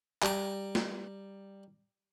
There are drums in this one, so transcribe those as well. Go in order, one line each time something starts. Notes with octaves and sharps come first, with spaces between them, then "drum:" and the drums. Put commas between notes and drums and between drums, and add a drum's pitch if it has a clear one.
G3 A#5, drum: clap
drum: snare